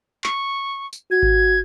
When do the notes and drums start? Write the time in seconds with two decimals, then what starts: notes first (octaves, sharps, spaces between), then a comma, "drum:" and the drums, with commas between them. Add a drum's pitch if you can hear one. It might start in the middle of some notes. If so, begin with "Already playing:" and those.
0.24 C#6, drum: clap
0.93 drum: tambourine
1.11 F#4 G#6
1.23 drum: kick G#1